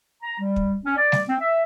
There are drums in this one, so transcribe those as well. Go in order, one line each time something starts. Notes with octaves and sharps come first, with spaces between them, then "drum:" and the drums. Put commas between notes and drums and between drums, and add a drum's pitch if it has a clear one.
A#5
G3
drum: kick
C#4
D5
drum: snare G3
C4
E5